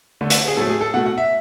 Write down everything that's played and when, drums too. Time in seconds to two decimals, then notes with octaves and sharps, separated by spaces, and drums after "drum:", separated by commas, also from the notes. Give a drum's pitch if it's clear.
0.21 D3 A3
0.30 drum: hi-hat
0.48 G#4
0.57 A2 F#3 A3 A4
0.69 G#4
0.81 A4
0.94 B2 A3 F#5
1.06 F#5
1.18 E5